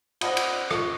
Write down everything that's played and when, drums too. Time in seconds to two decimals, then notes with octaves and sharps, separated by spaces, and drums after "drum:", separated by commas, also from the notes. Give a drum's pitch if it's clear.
0.21 C5 D5 D#5 F#5 B5 D#6, drum: cymbal
0.37 drum: cymbal
0.71 F4 C#6, drum: rim click